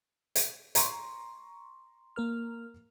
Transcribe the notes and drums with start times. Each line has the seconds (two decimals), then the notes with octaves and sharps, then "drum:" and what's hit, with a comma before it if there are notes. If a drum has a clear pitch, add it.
0.35 drum: hi-hat
0.75 A#5 C6 C#6, drum: hi-hat
2.16 A#3 A#4 F6